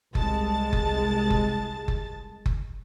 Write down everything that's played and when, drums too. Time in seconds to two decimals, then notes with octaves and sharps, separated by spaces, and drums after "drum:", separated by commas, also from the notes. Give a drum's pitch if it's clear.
0.15 C2 G#3 A5 A6, drum: kick F#1
0.73 drum: kick F#1
1.30 drum: kick F#1
1.88 drum: kick F#1
2.46 drum: kick F#1